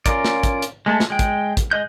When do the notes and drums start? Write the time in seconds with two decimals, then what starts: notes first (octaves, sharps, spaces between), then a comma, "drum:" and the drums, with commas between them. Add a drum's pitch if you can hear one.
0.06 C#4 F4 A#4 D5, drum: kick, hi-hat
0.25 drum: snare
0.43 drum: kick, hi-hat
0.62 drum: hi-hat
0.86 G#3 A3 A5
1.00 drum: snare
1.10 G#3 G5
1.19 drum: kick, hi-hat
1.57 drum: kick, hi-hat
1.71 G#3 D#5 F#6 G6